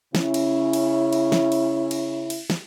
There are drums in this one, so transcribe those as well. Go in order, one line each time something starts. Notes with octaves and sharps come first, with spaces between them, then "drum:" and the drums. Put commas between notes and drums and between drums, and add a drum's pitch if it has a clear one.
C#3 C#4 E4, drum: snare
drum: cymbal
drum: cymbal
drum: cymbal
drum: snare
drum: cymbal
drum: cymbal
drum: cymbal
drum: snare